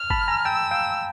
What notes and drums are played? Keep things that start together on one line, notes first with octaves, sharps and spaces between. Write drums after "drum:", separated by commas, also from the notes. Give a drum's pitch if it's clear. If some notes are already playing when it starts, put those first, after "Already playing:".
Already playing: F6
A5 B5, drum: kick
G#5 A#5
G5 A5 E6
F5 G5